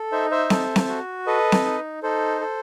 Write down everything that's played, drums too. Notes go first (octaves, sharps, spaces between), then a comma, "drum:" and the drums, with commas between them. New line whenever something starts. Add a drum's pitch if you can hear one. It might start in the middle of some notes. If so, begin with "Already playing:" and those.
Already playing: A4
D#4 C5 E5
C5 E5
A4, drum: snare C4
drum: snare C4
F#4
A4 B4 D#5
drum: snare C4
D#4
D#4 A4 C5
A4